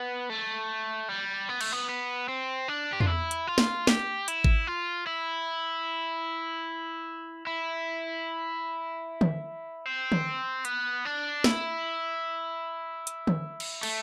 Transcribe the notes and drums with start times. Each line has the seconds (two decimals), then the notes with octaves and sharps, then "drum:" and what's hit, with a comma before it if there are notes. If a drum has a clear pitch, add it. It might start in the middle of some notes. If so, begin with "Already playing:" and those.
Already playing: B3
0.29 A3
1.09 G3
1.49 B3
1.61 A3, drum: cymbal
1.72 B3
1.89 B3
2.29 C4
2.68 D4
2.93 G4
3.00 F4, drum: tom E2
3.07 E4
3.31 drum: hi-hat
3.47 F4
3.58 drum: snare
3.87 G4, drum: snare
4.28 E4, drum: hi-hat
4.44 drum: kick G#1
4.67 F4
5.07 E4
7.47 E4
9.21 drum: tom
9.85 C4
10.12 drum: tom
10.65 B3, drum: hi-hat
11.05 D4
11.44 E4, drum: snare
13.07 drum: hi-hat
13.27 drum: tom
13.60 drum: cymbal
13.83 A3, drum: cymbal